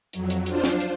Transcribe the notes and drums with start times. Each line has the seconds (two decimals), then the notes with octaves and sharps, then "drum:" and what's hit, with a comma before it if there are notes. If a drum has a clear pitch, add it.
0.13 F2 F#3, drum: hi-hat
0.30 drum: hi-hat
0.46 D4 F4 C5, drum: hi-hat
0.64 drum: snare
0.80 drum: hi-hat